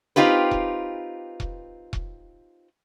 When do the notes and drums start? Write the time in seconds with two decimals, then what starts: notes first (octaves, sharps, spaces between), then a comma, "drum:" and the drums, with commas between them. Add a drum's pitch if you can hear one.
0.16 C4 D#4 F4 G4 B4
0.51 drum: kick E1
1.40 drum: kick E1
1.93 drum: kick E1